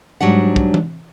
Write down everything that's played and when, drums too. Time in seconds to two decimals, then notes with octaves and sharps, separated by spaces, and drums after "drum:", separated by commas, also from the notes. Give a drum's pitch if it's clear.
0.20 G#2 F#3 G3 D4 F#5
0.56 drum: kick
0.74 drum: tom E3